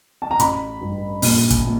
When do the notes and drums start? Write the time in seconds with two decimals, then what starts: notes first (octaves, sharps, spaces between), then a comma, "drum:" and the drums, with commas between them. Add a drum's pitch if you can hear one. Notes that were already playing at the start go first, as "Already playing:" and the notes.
0.22 A5
0.31 A#5
0.40 A1 B5, drum: hi-hat
0.81 G2
1.22 A#1, drum: open hi-hat
1.50 drum: kick, hi-hat
1.65 A#2